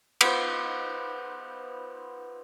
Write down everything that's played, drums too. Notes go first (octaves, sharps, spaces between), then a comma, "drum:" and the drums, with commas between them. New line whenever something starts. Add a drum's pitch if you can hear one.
B3 F4 C5, drum: cymbal